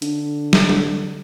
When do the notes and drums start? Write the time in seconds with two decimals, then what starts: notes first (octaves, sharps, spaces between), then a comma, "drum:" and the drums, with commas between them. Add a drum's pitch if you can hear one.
0.02 D3, drum: hi-hat
0.53 drum: snare
0.69 drum: tom G3